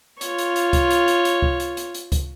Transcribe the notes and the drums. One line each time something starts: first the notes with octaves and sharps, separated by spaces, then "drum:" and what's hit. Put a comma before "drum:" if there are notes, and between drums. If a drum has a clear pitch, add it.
F4 C#5, drum: hi-hat
drum: hi-hat
drum: hi-hat
drum: kick C#2, hi-hat
drum: hi-hat
drum: hi-hat
drum: hi-hat
drum: kick C#2
drum: hi-hat
drum: hi-hat
drum: hi-hat
drum: kick C#2, hi-hat